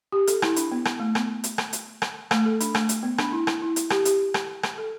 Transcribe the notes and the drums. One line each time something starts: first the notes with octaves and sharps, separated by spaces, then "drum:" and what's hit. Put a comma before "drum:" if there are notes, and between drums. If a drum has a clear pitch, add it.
G4
A4, drum: hi-hat
E4, drum: rim click
D4, drum: hi-hat
B3
drum: rim click
A3
B3, drum: rim click
drum: hi-hat
drum: rim click
drum: hi-hat
drum: rim click
A3, drum: rim click
A4
D4, drum: hi-hat
A3, drum: rim click
drum: hi-hat
B3
D4, drum: rim click
E4
drum: rim click
E4
drum: hi-hat
G4, drum: rim click
G4, drum: hi-hat
drum: rim click
drum: rim click
A4